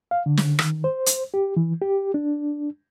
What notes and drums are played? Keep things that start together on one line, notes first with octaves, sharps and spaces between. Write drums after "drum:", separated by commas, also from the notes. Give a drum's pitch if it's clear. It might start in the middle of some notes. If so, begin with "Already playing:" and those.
F5
D3
drum: snare
D#3, drum: rim click
C5
drum: hi-hat
G4
E3
G4
D4